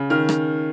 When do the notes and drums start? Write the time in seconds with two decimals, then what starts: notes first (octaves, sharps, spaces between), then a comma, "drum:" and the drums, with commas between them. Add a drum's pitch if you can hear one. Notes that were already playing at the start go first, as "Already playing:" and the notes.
Already playing: C#3
0.10 D#3 F6
0.29 drum: rim click